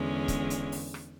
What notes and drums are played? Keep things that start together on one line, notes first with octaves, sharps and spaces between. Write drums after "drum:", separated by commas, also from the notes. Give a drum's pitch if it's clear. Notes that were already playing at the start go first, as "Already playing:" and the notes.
Already playing: E2 D3 G#3 C#4
drum: kick C#1, hi-hat
drum: hi-hat
drum: open hi-hat
drum: rim click